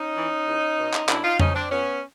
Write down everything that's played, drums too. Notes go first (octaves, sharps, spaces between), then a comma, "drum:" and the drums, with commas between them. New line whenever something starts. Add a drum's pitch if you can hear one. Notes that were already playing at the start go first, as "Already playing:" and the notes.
Already playing: C#4 D#4
E3
E2
B2
drum: clap
F#2 D4 E4, drum: clap
D#4 F4
C#3 F3 C#4 D#4, drum: tom F2
C4 D4
F2 B3 C#4